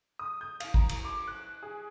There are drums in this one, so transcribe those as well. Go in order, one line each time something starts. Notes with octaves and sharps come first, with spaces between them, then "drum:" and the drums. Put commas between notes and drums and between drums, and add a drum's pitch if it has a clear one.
D#6
G6
F5, drum: cymbal
A#5, drum: kick
drum: cymbal
D6
F#6
G#4